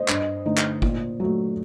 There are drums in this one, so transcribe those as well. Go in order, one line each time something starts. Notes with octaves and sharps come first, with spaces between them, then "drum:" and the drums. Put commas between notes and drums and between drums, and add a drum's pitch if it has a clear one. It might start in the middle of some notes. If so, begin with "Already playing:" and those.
Already playing: C5 D#5
G2, drum: clap
D3 A3 D#4
drum: clap
A#2, drum: kick G1
F#3 A3